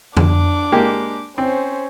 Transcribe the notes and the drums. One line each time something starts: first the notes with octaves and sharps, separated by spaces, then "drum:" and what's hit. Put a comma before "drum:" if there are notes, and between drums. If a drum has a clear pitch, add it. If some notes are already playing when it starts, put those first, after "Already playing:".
D4 D6, drum: tom F2
G#3 A#3 G4
C4 C#4 C5